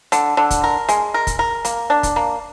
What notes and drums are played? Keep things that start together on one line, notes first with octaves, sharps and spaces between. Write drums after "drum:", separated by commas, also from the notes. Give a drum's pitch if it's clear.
D3, drum: hi-hat
D3
drum: kick, hi-hat
A#4
G#3, drum: hi-hat
A#4
drum: kick, hi-hat
A#4
A#3, drum: hi-hat
D4
drum: kick, hi-hat
A#3